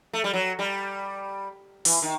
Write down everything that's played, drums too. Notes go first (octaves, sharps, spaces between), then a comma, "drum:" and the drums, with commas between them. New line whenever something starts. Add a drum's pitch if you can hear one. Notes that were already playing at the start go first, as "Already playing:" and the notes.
A3
G3
F#3
G3
E3, drum: open hi-hat
D#3